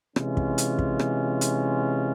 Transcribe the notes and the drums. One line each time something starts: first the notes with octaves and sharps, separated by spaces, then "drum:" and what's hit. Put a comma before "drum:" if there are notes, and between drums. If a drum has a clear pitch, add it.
C3 E3 G#3 C#4 F4, drum: rim click
drum: kick
drum: hi-hat
drum: kick
drum: rim click
drum: hi-hat